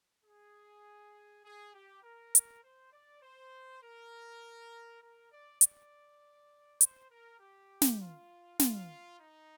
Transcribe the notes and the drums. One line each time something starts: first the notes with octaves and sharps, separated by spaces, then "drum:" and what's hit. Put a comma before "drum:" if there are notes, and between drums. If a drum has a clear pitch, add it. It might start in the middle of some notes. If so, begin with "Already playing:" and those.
G#4
G#4
G4
A#4
drum: hi-hat
C5
D5
C5
A#4
A#4
D5
D5, drum: hi-hat
C5, drum: hi-hat
A#4
G4
drum: snare
F4
F4, drum: snare
D#4